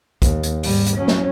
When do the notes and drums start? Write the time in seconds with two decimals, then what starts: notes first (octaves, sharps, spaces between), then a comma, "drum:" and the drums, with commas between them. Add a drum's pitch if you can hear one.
0.22 D#2, drum: kick, hi-hat
0.43 drum: hi-hat
0.63 G#2 G3, drum: open hi-hat
0.86 drum: hi-hat
0.97 F#3 C#4
1.08 drum: snare